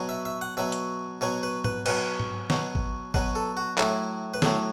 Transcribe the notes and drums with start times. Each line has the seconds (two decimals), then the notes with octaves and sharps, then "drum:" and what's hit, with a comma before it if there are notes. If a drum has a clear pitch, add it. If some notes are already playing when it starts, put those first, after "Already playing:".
Already playing: B2 F#3
0.09 E5
0.25 E5
0.41 F#5
0.57 B2 F#3 E5
0.72 drum: hi-hat
1.21 B2 F#3 C#5
1.43 B4
1.64 B4, drum: tom G#2
1.86 B2 F#3 B4, drum: cymbal
2.20 drum: tom G#2
2.50 B2 F#3, drum: snare
2.75 drum: kick G#1
3.14 B2 F#3 B4, drum: kick G#1
3.35 A4
3.57 F#4
3.78 A2 F#3 E4, drum: clap
4.34 B4
4.42 A2 F#3 A4, drum: snare